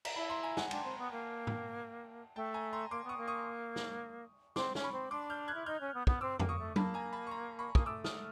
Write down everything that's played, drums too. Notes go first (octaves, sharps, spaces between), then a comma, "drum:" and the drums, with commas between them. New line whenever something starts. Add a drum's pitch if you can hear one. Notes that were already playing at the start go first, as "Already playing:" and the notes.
A#5, drum: cymbal
E4 A5 B5
A#5 C6
G#5 A#5
F#5 G#5, drum: snare
D4 G5 A5, drum: cymbal
C4
B3
A#3
drum: tom G#2
A3 G5 A5
G#5 A#5
A#5 C6
A#3 C6 D6
B3
C#6 D#6
A#3
C#6 D#6
drum: snare
C4 C6 D6, drum: snare
C#4, drum: snare
B5 C#6
C4
D4 C6 D6
F6 G6
F#6 G#6
E4
D#4 F6 G6
C#4
B3
B3, drum: kick
C4 D6 E6
A#3, drum: tom F2
C#6 D#6
A3
A#3 A5 B5, drum: tom F#3
G#5 A#5
A5 B5
C#6
A#5 C6
B5 C#6
A#3 D#6, drum: kick
A3 D6 E6
D#6 F6, drum: snare